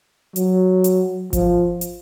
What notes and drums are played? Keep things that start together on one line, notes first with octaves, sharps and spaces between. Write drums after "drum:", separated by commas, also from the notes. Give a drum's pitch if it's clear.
F#3, drum: hi-hat
drum: hi-hat
F3, drum: kick G#1, hi-hat
drum: hi-hat